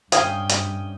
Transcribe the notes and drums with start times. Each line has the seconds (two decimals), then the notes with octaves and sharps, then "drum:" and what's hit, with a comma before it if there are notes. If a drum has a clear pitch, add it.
0.12 G2 C#4 F5 G5 G#5 D#6, drum: hi-hat
0.49 drum: hi-hat